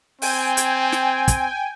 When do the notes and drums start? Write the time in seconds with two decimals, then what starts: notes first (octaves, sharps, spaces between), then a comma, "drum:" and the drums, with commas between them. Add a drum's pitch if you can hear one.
0.22 C4 G5 G#5, drum: open hi-hat
0.57 drum: hi-hat
0.92 drum: snare
1.28 drum: kick, hi-hat